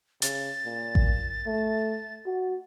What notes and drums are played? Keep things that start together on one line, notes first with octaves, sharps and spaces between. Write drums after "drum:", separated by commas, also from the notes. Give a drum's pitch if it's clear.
C#3 A6, drum: hi-hat
A#2
drum: kick A1
A3
F#4